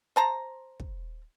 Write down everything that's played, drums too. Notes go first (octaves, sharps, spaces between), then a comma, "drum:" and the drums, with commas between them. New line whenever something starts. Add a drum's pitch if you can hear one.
C5 A5 A#5
drum: kick